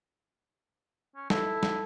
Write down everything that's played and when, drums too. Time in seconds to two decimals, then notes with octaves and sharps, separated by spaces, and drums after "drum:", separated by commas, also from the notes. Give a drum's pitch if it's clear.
1.16 C#4
1.30 E4 A4, drum: snare
1.63 drum: snare